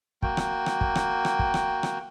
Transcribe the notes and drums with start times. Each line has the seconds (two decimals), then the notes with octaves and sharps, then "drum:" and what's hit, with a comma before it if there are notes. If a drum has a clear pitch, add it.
0.23 A#3 F#4 G5, drum: kick
0.37 drum: rim click
0.66 drum: rim click
0.81 drum: kick
0.95 drum: rim click
1.25 drum: rim click
1.39 drum: kick
1.54 drum: rim click
1.83 drum: rim click